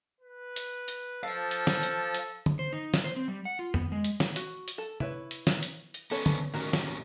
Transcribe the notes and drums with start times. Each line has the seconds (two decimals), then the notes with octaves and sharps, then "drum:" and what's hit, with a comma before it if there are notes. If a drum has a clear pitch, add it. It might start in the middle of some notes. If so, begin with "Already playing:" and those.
0.21 B4
0.56 drum: hi-hat
0.88 drum: hi-hat
1.23 A4 C5 F5
1.51 drum: hi-hat
1.67 drum: snare
1.83 drum: hi-hat
2.15 drum: hi-hat
2.46 drum: tom
2.59 C5
2.73 D#4
2.94 drum: snare
3.04 C5
3.16 C4
3.28 G3
3.45 F#5
3.59 F4
3.74 B3, drum: tom F2
3.92 G#3
4.04 drum: hi-hat
4.20 drum: snare
4.36 F#4, drum: hi-hat
4.68 drum: hi-hat
4.78 A4
5.00 E4 B4 C#5, drum: tom
5.31 drum: hi-hat
5.47 drum: snare
5.63 drum: hi-hat
5.94 drum: hi-hat
6.11 B3 C#4 A4 C#5
6.26 drum: tom
6.54 A2 D#3 C#4 F#4 A#4
6.73 drum: snare